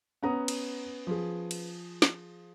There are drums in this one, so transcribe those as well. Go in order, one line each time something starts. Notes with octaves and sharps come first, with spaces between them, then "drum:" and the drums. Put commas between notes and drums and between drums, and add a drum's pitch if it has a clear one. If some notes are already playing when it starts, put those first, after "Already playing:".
B3 C#4 F#5 A#5 D#6
drum: cymbal
F3 G#4
drum: cymbal
drum: snare